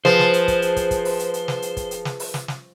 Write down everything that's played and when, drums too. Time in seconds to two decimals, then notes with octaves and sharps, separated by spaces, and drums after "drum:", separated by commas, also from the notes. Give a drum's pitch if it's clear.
0.05 F3 G#4 B4 C5 A5, drum: snare
0.19 drum: snare
0.33 drum: hi-hat
0.48 drum: kick, hi-hat
0.62 drum: hi-hat
0.76 drum: kick, hi-hat
0.91 drum: kick, hi-hat
1.05 drum: open hi-hat
1.19 drum: hi-hat
1.34 drum: hi-hat
1.48 drum: snare
1.62 drum: hi-hat
1.77 drum: kick, hi-hat
1.91 drum: hi-hat
2.05 drum: snare
2.20 drum: open hi-hat
2.34 drum: snare
2.48 drum: snare